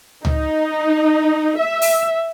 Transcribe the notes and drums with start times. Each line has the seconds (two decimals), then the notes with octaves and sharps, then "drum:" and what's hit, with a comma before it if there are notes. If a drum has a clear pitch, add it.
0.25 D#4, drum: tom C#2
1.58 E5
1.82 drum: open hi-hat